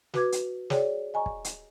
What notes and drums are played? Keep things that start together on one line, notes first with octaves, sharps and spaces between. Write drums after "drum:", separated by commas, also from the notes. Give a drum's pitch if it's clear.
F#4 B4 D6 G#6, drum: snare
drum: hi-hat
G#4 C#5 D5 G5, drum: snare
D#5 G#5 A#5 C#6
drum: kick
drum: hi-hat